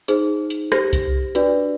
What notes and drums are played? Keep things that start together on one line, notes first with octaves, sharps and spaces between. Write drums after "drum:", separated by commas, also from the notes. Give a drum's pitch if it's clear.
D#4 G#4 C5, drum: hi-hat
drum: hi-hat
G4 C5 A#6, drum: rim click
drum: kick C2, hi-hat
D4 F#4 B4 D5, drum: hi-hat